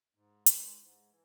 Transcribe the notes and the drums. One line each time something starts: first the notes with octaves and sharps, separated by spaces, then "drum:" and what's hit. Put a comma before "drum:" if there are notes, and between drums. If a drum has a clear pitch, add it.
G#2
E3 G#3, drum: hi-hat
G#2
E3